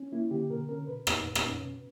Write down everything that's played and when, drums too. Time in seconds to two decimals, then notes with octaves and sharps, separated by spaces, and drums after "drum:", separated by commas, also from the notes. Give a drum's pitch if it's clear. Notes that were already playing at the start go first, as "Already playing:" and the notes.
Already playing: C#4
0.12 A#3 E4
0.31 D3 G4
0.50 B2 A#4
0.69 C#4 A#4
0.87 B2 B4
1.07 A#2, drum: rim click
1.26 A#2
1.35 drum: rim click
1.45 C#4
1.63 B2